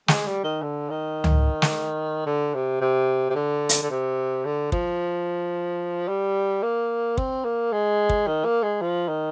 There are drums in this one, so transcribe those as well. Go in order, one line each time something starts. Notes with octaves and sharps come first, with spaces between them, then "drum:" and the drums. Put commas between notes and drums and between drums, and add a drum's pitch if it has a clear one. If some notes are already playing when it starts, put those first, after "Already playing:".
G#3, drum: snare
G3
D#3
D3
D#3
drum: tom C#2
drum: snare
D3
C3
C3
C3
D3
drum: hi-hat
D3
C3
D3
F3, drum: kick
G3
A#3
C4, drum: kick
A#3
G#3
drum: kick
D#3
A#3
G#3
F3
D#3